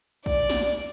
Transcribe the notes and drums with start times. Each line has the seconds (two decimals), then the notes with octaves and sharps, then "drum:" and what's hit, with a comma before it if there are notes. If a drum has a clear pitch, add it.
0.26 D5, drum: kick
0.50 drum: snare